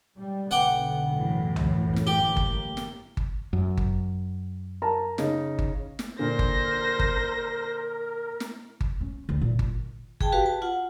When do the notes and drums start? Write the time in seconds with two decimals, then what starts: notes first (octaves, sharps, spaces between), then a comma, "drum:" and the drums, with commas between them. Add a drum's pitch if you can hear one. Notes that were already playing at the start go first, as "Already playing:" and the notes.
0.15 G#2 G3
0.51 B1 D3 B3 F#5 G5 D6
1.14 F#2 A2 E3
1.56 drum: tom C2
1.96 drum: snare
2.07 G1 A#3 G4
2.37 drum: kick G1
2.77 drum: snare
3.17 drum: kick G1
3.53 F#2
3.77 drum: kick G1
4.82 A#4 A5 A#5
5.18 C#3 D#4, drum: snare
5.59 drum: kick G1
5.99 drum: snare
6.19 A#2 D3 A#4 C5 A#6
6.39 drum: kick G1
6.99 drum: kick G1
8.40 drum: snare
8.81 drum: kick G1
9.01 C#4
9.29 D2
9.41 A#2
9.59 D#3, drum: kick G1
10.20 G#4 G5 A5, drum: kick G1
10.32 F#4 G4 B4 F5 G5
10.46 A5
10.62 F4 F#5